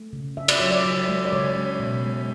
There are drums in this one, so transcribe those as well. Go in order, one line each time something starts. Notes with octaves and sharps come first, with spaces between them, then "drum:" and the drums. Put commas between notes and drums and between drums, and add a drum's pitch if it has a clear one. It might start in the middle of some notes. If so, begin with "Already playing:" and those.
Already playing: A3
C#3
C#3 E5
D5, drum: cymbal
F#3 C#5
D5
C#3
G#3
D5
C#3 C#5
G#3
B2
G#3